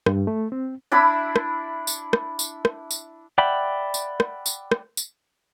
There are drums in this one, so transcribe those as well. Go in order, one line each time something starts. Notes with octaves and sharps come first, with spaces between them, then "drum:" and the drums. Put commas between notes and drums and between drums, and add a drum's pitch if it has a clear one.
G2, drum: rim click
A3
C4
D4 E4 B5 E6
drum: rim click
drum: tambourine
drum: rim click
drum: tambourine
drum: rim click
drum: tambourine
D5 E5 F#5 G5 B5
drum: tambourine
drum: rim click
drum: tambourine
drum: rim click
drum: tambourine